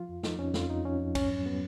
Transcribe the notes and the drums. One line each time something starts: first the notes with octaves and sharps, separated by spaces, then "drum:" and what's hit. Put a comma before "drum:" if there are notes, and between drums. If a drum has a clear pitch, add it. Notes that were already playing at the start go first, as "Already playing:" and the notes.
Already playing: F3 F4
F2
F3 D#4, drum: snare
F2 C#4
F2 F4, drum: snare
F2 D#4
F2 C#4
F2
G#2 C#4, drum: kick, cymbal
F#3
F#3 B3